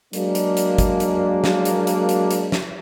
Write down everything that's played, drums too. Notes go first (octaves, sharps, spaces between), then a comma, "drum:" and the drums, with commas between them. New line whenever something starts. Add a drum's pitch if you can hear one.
F#3 G#3 A#3 D4, drum: hi-hat
drum: hi-hat
drum: hi-hat
drum: kick, hi-hat
drum: hi-hat
drum: snare
drum: hi-hat
drum: hi-hat
drum: hi-hat
drum: hi-hat
drum: snare